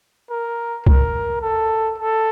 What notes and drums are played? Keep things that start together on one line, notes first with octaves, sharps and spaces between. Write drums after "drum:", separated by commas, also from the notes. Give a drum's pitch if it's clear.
A#4
A#4, drum: kick C2
A4
A4